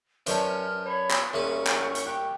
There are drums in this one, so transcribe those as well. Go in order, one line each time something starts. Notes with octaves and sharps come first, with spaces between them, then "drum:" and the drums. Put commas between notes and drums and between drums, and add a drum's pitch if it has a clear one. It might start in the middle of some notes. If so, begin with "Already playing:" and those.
F#2 C3 C#4 B4 D5 G5 A5 C#6, drum: hi-hat
F6
C#5 B5
drum: clap
C2 A#2 C#4 G#4 B4 E5 C#6
drum: clap
drum: hi-hat
G4 F#6